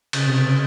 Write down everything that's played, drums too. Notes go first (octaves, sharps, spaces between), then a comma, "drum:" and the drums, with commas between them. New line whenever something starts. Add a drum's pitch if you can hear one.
C#3, drum: cymbal
C3
C#3